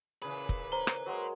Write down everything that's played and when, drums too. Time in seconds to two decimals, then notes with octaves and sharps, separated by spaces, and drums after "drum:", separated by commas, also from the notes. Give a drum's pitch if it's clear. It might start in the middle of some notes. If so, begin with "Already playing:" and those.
0.22 A#2 C#3 E3 G#4 B4
0.49 drum: kick
0.72 C5 A#5 G7
0.87 drum: rim click
1.06 F#3 G#3 A#3 C6